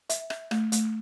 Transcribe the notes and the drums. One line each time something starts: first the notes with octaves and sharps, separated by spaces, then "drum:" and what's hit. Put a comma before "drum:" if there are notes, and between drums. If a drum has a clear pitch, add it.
E5, drum: hi-hat
E5, drum: rim click
A3, drum: rim click
A3, drum: hi-hat